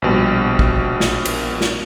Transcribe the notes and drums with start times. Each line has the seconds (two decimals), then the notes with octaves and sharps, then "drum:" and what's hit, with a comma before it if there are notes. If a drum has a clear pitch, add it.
0.02 A#1 B2 G3
0.59 drum: kick
1.00 drum: snare
1.25 drum: cymbal
1.61 drum: snare